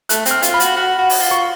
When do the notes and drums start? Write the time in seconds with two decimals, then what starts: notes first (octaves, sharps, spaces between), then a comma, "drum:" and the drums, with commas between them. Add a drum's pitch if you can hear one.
0.09 A3 F#6, drum: hi-hat
0.25 C4, drum: hi-hat
0.31 F6
0.42 F4, drum: hi-hat
0.54 B5
0.60 F#4, drum: hi-hat
0.76 F#4
0.98 F#4
1.10 drum: open hi-hat
1.21 F4
1.31 C#6